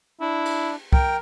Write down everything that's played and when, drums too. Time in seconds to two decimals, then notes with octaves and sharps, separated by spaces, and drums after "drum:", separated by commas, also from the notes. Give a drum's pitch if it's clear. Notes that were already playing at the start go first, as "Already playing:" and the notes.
0.21 D4 E4
0.45 drum: cymbal
0.93 A#4 G5, drum: kick